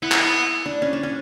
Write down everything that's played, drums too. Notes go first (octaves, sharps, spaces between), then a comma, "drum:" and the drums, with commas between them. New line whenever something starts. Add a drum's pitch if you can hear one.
B3 E4
drum: clap
D4
C#4
D4
C#4